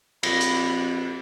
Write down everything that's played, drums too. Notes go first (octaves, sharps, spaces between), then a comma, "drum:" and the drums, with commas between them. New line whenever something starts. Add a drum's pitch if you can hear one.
A#1 F2 B5 A#6, drum: cymbal
drum: hi-hat